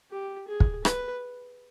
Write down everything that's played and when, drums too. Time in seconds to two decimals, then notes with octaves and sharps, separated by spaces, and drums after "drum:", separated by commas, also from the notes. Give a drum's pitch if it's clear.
0.11 G4
0.48 G#4
0.60 drum: kick
0.85 B4, drum: rim click